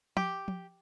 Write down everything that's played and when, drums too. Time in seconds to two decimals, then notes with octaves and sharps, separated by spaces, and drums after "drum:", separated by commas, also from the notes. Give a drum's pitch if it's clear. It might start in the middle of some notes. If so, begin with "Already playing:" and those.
0.17 G4, drum: tom F3
0.48 drum: tom F3